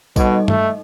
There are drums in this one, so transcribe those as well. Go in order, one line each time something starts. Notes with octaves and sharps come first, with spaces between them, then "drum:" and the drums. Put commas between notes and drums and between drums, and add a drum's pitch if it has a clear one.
B2 G3 D#4 A4 D#5, drum: kick A#1, tambourine
A3, drum: tom G2